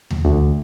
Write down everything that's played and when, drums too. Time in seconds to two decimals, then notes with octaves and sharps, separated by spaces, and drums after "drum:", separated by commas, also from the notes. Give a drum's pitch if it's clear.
0.11 drum: tom D#2
0.25 D2